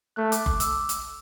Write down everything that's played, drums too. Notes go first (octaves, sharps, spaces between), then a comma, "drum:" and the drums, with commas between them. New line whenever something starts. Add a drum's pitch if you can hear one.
A3 F#6
D6, drum: hi-hat
D6, drum: kick F#1
E6, drum: hi-hat
drum: hi-hat